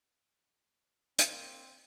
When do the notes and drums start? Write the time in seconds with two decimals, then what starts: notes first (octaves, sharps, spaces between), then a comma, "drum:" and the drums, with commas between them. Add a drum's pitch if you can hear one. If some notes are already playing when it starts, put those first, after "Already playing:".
1.19 A#3 C4, drum: hi-hat